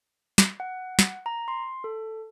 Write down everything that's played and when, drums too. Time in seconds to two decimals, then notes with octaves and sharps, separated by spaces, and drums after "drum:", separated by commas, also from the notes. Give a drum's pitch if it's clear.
0.38 drum: snare
0.60 F#5
0.99 drum: snare
1.26 A#5
1.48 C6
1.84 A4